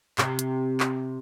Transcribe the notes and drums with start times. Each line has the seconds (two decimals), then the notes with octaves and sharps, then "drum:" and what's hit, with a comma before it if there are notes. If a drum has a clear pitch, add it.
0.18 C3, drum: clap
0.39 drum: hi-hat
0.80 drum: clap